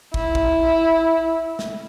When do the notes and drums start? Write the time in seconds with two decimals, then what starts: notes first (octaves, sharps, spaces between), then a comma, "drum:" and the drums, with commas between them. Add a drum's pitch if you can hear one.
0.14 E4, drum: kick
0.35 drum: kick
1.59 drum: snare